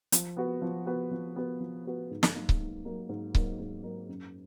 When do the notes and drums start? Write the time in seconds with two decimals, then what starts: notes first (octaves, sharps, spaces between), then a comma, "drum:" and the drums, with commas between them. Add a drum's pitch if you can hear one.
0.12 F3, drum: hi-hat
0.37 B3 F#4 B4
0.62 F3
0.86 B3 F#4 B4
1.11 F3
1.36 B3 F#4 B4
1.60 F3
1.85 B3 F#4 B4
2.11 G#2
2.23 drum: snare
2.35 F#3 A#3 D#4 A#4
2.49 drum: kick C#1
2.60 G#2
2.85 F#3 A#3 D#4 A#4
3.09 G#2
3.35 F#3 A#3 D#4 A#4, drum: kick C#1
3.60 G#2
3.83 F#3 A#3 D#4 A#4
4.09 F#2